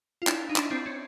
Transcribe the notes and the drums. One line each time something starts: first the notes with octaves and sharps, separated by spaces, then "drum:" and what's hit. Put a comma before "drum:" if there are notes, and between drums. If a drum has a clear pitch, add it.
F4
D4 E4, drum: clap
D#4
D4 E4, drum: clap
C4 D4
C#4